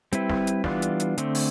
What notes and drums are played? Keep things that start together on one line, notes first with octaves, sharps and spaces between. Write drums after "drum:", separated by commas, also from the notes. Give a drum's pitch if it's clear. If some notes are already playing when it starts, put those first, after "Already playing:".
G3 C4 E4 B4, drum: hi-hat
drum: snare
drum: hi-hat
E3 G3 B3 D4 F4, drum: snare
drum: hi-hat
drum: hi-hat
D3 A3 C4, drum: hi-hat
drum: open hi-hat